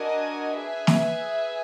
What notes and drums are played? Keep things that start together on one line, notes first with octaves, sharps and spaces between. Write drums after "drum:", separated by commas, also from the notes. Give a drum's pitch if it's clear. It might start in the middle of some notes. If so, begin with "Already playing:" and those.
Already playing: D4 F#4 A#4 D#5 G#5
G#4 B4 E5 G#5
drum: snare